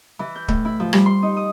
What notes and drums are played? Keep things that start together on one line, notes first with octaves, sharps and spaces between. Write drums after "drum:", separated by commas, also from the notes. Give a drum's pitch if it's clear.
E3
G6
A2, drum: kick D1
E4
F3
G3, drum: rim click
C6
D#4
D#6